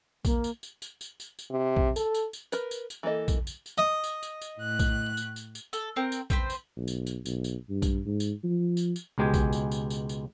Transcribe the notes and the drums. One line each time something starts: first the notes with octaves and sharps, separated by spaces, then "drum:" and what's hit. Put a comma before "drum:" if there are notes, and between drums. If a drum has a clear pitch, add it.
A#3, drum: kick A#1, tambourine
drum: tambourine
drum: tambourine
drum: tambourine
drum: tambourine
drum: tambourine
drum: tambourine
C3
drum: kick A#1
A4, drum: tambourine
drum: tambourine
drum: tambourine
A#4 B4, drum: tambourine
drum: tambourine
drum: tambourine
E3 A#3 A4 D#5
drum: kick A#1, tambourine
drum: tambourine
drum: tambourine
D#5
drum: tambourine
drum: tambourine
drum: tambourine
A2 F#6
drum: kick A#1, tambourine
drum: tambourine
drum: tambourine
drum: tambourine
A4, drum: tambourine
C4 A#4
drum: tambourine
C4 B4 C5, drum: kick A#1, tambourine
drum: tambourine
B1
drum: tambourine
drum: tambourine
B1, drum: tambourine
drum: tambourine
G2
drum: kick A#1, tambourine
G#2
drum: tambourine
F3
drum: tambourine
drum: tambourine
C#2 B2 G#3 G4 G5 G#5
drum: kick A#1, tambourine
drum: tambourine
drum: tambourine
drum: tambourine
drum: tambourine